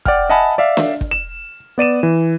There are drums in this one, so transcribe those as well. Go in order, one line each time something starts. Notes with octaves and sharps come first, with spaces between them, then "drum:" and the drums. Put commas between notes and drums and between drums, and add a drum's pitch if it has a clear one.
D5 F#5 G5 F6, drum: kick
D#5 E5 F#5 G#5 A5 B5
D5 E5 F5
drum: snare
drum: kick
E7
B3 D5 D#7 E7
E3